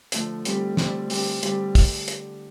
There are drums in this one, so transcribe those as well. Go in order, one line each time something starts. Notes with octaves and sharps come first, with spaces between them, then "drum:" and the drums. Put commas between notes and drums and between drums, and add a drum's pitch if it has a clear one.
D3 F3 A3, drum: hi-hat
D3 G3 C4 G4, drum: hi-hat
D3 G3 C4 G4, drum: snare
D3 G3 C4 G4, drum: open hi-hat
D3 G3 C4 G4, drum: hi-hat
drum: kick, open hi-hat
drum: hi-hat